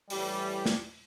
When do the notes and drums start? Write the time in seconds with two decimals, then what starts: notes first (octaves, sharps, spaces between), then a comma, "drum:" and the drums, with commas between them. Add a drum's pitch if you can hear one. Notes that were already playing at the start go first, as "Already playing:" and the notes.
0.10 A2 E3 G3, drum: open hi-hat
0.66 drum: snare